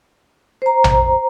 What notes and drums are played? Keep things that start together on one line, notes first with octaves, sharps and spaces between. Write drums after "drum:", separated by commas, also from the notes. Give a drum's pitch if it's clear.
C5 A#5
drum: tom A#1